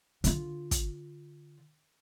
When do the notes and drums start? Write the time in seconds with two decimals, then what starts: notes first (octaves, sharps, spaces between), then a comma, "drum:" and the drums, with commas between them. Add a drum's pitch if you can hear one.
0.24 D3 F4, drum: hi-hat
0.71 drum: kick, hi-hat